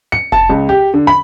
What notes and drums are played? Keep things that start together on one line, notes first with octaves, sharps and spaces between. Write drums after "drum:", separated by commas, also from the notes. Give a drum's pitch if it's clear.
C#7
A5, drum: kick F1
C#2
G4
D3
B5